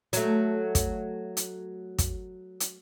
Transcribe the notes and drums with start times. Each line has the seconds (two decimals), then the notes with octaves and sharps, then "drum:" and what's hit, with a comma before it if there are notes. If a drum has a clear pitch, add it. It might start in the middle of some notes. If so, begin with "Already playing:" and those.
0.13 F#3 A3, drum: hi-hat
0.75 drum: kick, hi-hat
1.37 drum: hi-hat
1.98 drum: kick, hi-hat
2.60 drum: hi-hat